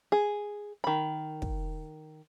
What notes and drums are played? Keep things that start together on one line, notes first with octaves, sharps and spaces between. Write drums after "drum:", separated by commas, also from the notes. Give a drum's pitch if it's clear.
G#4
D#3 B5
drum: kick